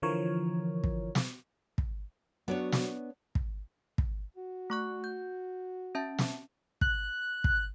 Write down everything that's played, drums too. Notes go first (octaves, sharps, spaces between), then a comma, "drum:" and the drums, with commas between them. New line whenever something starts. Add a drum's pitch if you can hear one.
D3 E3 F3 A#4 C#5
drum: kick
drum: snare
drum: kick
F#3 B3 D4 C#5
drum: snare
drum: kick
drum: kick
F#4
A3 C#6 F#6
G6
C#4 E5 A5
drum: snare
F#6, drum: kick
drum: kick